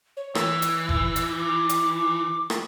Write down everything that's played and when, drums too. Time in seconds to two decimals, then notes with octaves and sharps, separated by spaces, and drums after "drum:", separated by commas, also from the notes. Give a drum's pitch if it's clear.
0.17 C#5
0.35 E3 E6, drum: rim click
0.62 drum: hi-hat
0.89 drum: kick F#1
1.16 drum: hi-hat
1.38 D6
1.69 drum: hi-hat
2.50 drum: rim click